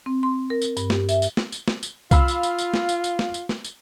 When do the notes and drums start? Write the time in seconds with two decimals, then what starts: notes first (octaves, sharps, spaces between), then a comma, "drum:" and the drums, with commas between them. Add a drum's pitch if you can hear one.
0.06 C4
0.23 C6
0.50 A#4
0.62 drum: tambourine
0.77 G2, drum: tambourine
0.90 G4, drum: snare
1.09 E5, drum: tambourine
1.22 drum: tambourine
1.37 drum: snare
1.52 drum: tambourine
1.68 drum: snare
1.83 drum: tambourine
2.11 F4 F5 B5 E6, drum: kick C2, tambourine
2.28 drum: tambourine
2.43 drum: tambourine
2.58 drum: tambourine
2.74 drum: snare
2.89 drum: tambourine
3.04 drum: tambourine
3.19 drum: snare
3.34 drum: tambourine
3.49 drum: snare
3.64 drum: tambourine